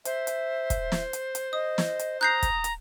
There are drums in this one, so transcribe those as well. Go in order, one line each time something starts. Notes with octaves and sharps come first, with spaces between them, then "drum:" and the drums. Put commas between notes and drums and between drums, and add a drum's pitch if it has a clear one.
C5 E5, drum: hi-hat
drum: hi-hat
drum: kick, hi-hat
drum: snare
drum: hi-hat
drum: hi-hat
D#5 D#6
drum: snare
drum: hi-hat
A#5 D#6 F#6 G6 C7
drum: kick, hi-hat
drum: hi-hat